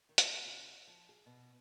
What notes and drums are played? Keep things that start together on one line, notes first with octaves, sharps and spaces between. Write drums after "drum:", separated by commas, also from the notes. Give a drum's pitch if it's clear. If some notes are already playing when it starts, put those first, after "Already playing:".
D#3
drum: hi-hat
C#3
F3
G#4
B2